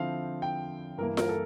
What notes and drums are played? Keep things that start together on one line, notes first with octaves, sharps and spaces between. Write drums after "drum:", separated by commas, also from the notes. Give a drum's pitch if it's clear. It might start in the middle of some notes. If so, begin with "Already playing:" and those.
Already playing: D3 F3 C4 E4 F5
G5
G2 E3 A#3 A#4
A#4, drum: snare F4
A4